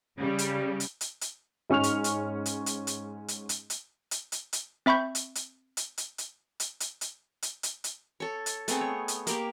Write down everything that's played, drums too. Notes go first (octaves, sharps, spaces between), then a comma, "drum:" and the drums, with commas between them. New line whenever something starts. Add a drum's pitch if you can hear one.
C#3 G3
drum: hi-hat
drum: hi-hat
drum: hi-hat
drum: hi-hat
G#2 C#4 C#6 F6 F7
drum: hi-hat
drum: hi-hat
drum: hi-hat
drum: hi-hat
drum: hi-hat
drum: hi-hat
drum: hi-hat
drum: hi-hat
drum: hi-hat
drum: hi-hat
drum: hi-hat
C4 E5 B5 C#6 G6
drum: hi-hat
drum: hi-hat
drum: hi-hat
drum: hi-hat
drum: hi-hat
drum: hi-hat
drum: hi-hat
drum: hi-hat
drum: hi-hat
drum: hi-hat
drum: hi-hat
A4 C#5
drum: hi-hat
A3 B3 C4 G#4, drum: hi-hat
C#5
drum: hi-hat
A#3 G4, drum: hi-hat